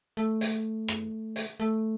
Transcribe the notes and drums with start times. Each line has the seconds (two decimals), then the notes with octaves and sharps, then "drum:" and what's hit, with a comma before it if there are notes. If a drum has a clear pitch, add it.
0.17 A3
0.41 drum: hi-hat
0.88 drum: rim click
1.36 drum: hi-hat
1.60 A3